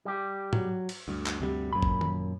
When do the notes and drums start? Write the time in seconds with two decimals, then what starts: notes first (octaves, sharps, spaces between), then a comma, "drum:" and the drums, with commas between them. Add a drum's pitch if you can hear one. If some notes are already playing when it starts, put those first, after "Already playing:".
0.05 G3 G4
0.53 F#3, drum: tom G#2
0.89 drum: cymbal
1.08 D2 G2
1.26 drum: clap
1.41 D2 C3 G3
1.73 F#2 A#2 B5
1.82 drum: kick
2.01 drum: tom D#3